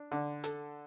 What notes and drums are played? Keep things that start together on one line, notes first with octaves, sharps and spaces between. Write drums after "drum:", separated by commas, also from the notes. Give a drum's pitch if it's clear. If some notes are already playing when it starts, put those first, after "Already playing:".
Already playing: D4
D3
A4, drum: hi-hat